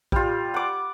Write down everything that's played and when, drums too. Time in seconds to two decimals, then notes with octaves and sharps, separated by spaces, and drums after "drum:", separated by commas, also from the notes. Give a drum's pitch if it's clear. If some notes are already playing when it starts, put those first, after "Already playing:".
0.12 G3 F4, drum: kick A#1
0.54 F#5 D6